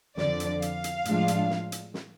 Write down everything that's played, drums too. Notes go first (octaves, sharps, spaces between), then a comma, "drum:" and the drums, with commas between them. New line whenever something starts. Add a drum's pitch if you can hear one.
F2 D3 F3 D5, drum: snare
drum: hi-hat
F5, drum: hi-hat
drum: hi-hat
A2 F3 G#3 D4 F4, drum: hi-hat
drum: hi-hat
drum: snare
drum: hi-hat
drum: snare